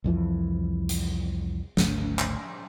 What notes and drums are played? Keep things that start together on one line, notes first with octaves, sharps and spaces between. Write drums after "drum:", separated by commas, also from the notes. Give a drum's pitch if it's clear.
C2 F2 E3
drum: hi-hat
G#1 D2, drum: snare
drum: clap